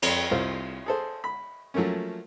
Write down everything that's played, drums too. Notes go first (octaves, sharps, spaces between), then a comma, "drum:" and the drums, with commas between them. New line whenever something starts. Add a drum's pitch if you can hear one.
F2, drum: cymbal
C2 F4 C5 F5
G#4 A4 C5
B5
F3 F#3 A3 A#3 C#4